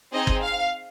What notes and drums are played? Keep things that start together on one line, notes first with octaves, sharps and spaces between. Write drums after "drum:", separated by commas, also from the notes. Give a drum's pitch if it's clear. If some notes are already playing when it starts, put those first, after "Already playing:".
C4 D#4 G#4 D#5
drum: kick G1
F5